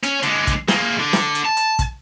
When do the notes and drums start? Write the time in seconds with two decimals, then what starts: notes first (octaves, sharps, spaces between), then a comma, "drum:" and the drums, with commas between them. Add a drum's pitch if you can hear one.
0.03 C#4, drum: hi-hat
0.23 D3 G#3, drum: hi-hat
0.47 drum: kick, hi-hat
0.68 G#3 A#3, drum: snare
0.99 D3
1.13 drum: snare
1.35 drum: hi-hat
1.45 A5
1.57 drum: hi-hat
1.79 drum: kick, hi-hat